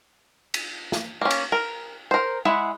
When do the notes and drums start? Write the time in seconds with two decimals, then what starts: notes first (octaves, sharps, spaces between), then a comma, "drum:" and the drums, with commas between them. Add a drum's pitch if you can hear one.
0.54 drum: cymbal
0.92 drum: snare
1.21 A#3 C#4
1.31 drum: cymbal
1.52 A#4
2.11 A#4 C5
2.45 G#3 E4 E5 F#5